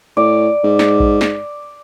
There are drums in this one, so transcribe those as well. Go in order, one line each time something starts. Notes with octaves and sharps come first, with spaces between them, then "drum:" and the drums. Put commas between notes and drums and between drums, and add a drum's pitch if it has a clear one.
A2 D5
G#2
drum: snare
drum: kick A#1
drum: snare